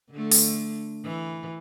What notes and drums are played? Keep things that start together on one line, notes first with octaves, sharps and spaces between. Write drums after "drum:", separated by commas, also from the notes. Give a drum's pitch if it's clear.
D3 A3
drum: open hi-hat
E3